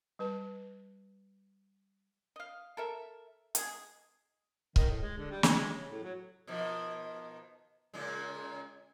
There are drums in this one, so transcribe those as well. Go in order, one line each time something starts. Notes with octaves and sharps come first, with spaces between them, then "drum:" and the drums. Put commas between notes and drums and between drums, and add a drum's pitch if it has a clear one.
G3 B4 A5
D#5 F5
A4 A#4 E5
G#3 G#4, drum: hi-hat
D#3, drum: kick C#1
A2
G#3
D3
G3
G#3, drum: snare
G#3
C#3
A2
F#3
B2 D#3 F3
A#2 C#3 G#3